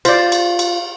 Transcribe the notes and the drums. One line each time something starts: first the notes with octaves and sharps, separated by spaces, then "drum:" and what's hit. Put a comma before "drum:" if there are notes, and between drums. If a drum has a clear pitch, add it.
F4 C5 D5, drum: cymbal
drum: cymbal
drum: cymbal